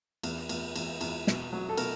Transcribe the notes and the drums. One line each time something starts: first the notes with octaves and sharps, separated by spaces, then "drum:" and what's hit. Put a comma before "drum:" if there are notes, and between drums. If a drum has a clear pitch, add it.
E2, drum: cymbal
E2, drum: cymbal
E2, drum: cymbal
E2, drum: cymbal
B2, drum: snare
F#3
A4
B2 A#4, drum: cymbal